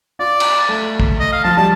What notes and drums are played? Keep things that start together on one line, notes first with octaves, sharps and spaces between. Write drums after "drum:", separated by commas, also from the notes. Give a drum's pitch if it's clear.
F4 D5
drum: cymbal
A3
drum: kick
D#5
F5
F3 A5
G3 A5